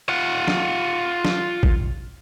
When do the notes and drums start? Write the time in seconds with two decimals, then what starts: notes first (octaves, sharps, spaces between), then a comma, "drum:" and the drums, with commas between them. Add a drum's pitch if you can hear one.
0.09 F4 F#5
0.48 drum: snare
1.25 drum: snare
1.63 drum: kick